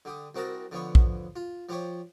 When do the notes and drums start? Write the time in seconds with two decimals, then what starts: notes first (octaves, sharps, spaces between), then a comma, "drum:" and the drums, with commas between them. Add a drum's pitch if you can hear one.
0.05 D3 G4 D#6
0.35 C2 C4 F#4 A#4 A5 D#6
0.71 D3 F3 B3 C#5
0.95 drum: kick A#1
1.36 F4
1.69 F3 F4 G4 C5 C#5